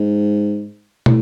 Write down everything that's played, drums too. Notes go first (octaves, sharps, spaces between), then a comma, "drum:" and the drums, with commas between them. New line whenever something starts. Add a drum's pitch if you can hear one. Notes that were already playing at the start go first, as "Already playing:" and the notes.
Already playing: G#2
A2, drum: tom